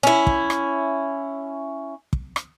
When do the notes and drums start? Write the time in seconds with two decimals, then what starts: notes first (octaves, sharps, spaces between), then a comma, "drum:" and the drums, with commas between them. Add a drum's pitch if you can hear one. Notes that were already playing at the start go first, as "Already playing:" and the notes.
0.03 C#4 E4
0.27 drum: kick
0.50 drum: rim click
2.13 drum: kick
2.36 drum: rim click